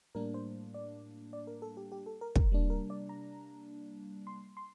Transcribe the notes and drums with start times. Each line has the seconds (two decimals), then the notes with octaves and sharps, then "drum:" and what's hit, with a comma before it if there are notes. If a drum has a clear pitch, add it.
0.15 A2 G3 A#3 D4 A#4
0.34 C5
0.74 D5
1.33 D5
1.47 A#4
1.62 A4
1.77 G4
1.92 G4
2.06 A4
2.21 A#4
2.35 A#4, drum: kick
2.50 C3 G3 A#3 D4
2.70 A#4
2.90 D5
3.09 A#5
4.27 C6
4.57 C6